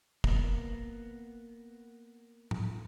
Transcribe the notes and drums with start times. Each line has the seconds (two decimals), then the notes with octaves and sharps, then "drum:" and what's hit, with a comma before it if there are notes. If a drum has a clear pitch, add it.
0.24 A#3 B3, drum: kick
2.51 drum: tom